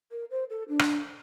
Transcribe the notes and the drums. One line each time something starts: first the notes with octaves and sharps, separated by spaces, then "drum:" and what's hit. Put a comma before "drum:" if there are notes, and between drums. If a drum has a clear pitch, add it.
A#4
C5
A4
D4
drum: rim click